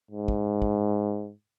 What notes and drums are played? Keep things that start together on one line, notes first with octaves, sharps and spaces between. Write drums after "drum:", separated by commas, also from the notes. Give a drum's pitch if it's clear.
G#2
drum: kick
drum: kick